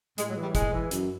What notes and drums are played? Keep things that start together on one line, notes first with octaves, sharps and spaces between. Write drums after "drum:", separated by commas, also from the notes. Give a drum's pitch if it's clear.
A2 G#3, drum: hi-hat
F#3
E3
G3
A2 G#3, drum: kick, hi-hat
E3
F#2, drum: hi-hat